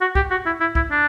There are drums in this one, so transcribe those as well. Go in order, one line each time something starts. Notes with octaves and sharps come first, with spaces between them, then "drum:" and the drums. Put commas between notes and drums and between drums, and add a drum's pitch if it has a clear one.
F#4
G4, drum: kick
F#4
E4
E4
E4, drum: kick
D4